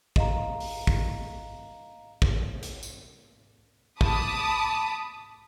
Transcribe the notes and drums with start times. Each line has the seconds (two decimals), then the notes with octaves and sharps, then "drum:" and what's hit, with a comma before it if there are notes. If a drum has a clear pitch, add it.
0.16 D#5 F5 A#5, drum: kick
0.60 drum: open hi-hat
0.87 drum: kick
2.22 drum: kick
2.63 drum: hi-hat
2.83 drum: tambourine
4.01 A5 B5 D6 D#6, drum: kick